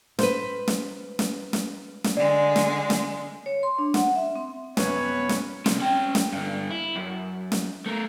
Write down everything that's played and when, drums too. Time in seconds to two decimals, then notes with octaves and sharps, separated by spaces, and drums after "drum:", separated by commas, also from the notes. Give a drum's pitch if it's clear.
0.19 B4 C5, drum: snare
0.68 drum: snare
1.19 drum: snare
1.53 drum: snare
2.04 drum: snare
2.17 D3 G#3 D5
2.56 drum: snare
2.90 drum: snare
3.46 C#5
3.63 C6
3.78 D4
3.94 F#5, drum: snare
4.16 E5
4.36 C4
4.77 F#2 C3 B3 C#4 B4 C#5, drum: snare
5.29 drum: snare
5.66 C2 C4, drum: snare
5.81 C#4 G5
6.15 drum: snare
6.33 G2 D3
6.71 E4
6.96 F#2
7.52 drum: snare
7.86 A3 A#4